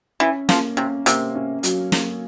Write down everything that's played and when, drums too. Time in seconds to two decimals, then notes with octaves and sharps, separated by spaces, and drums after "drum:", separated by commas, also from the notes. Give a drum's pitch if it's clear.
0.20 E3 C#4
0.49 F3 A#3, drum: snare
0.77 C3 C#4
1.06 C3 A#3, drum: hi-hat
1.35 C#4
1.63 F#3, drum: hi-hat
1.92 A#3, drum: snare